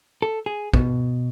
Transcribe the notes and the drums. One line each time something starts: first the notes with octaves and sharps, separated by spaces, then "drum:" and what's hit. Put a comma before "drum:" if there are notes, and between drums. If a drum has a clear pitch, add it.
A4
G#4
B2, drum: kick